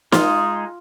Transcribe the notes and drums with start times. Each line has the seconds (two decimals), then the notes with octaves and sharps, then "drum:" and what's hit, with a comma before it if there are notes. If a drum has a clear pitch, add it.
0.12 G#3 D#4 F4 G#4, drum: snare